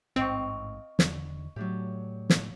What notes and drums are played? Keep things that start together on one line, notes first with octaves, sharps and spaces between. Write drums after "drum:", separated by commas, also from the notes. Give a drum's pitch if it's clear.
A1 G#2 C4 D#5 F5 C#6
E2 D3, drum: snare
A2 F#3 A3 D4 G4
drum: snare